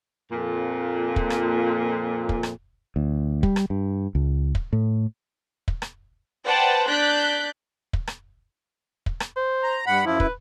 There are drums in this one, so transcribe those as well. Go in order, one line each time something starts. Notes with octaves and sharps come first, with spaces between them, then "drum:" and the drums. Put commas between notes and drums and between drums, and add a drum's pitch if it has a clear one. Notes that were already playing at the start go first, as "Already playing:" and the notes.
F2 A#2
drum: kick
drum: rim click
drum: kick
drum: rim click
D2
G3, drum: kick
drum: rim click
G2
C#2
drum: kick
A2
drum: kick
drum: rim click
B4 C5 D5 F#5 G5 A5
D4 D5 F#6 G6 B6
drum: kick
drum: rim click
drum: kick
drum: rim click
C5
A#5
G2 F#5 B5
F#2 F3 E4
B4, drum: kick